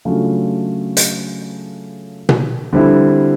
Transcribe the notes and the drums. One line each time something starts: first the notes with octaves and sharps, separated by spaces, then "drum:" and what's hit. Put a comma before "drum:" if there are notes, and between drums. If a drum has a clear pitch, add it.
C#3 F#3 A3 D4 F4
drum: hi-hat
drum: tom B2
D3 G3 C4 E4